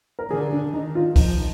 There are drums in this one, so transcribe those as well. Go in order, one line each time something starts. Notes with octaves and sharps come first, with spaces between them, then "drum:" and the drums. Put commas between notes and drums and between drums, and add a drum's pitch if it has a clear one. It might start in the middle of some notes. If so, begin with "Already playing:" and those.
A#4
D3 G#4
D4
D#3 D#4
F4
F3 D#4, drum: kick, open hi-hat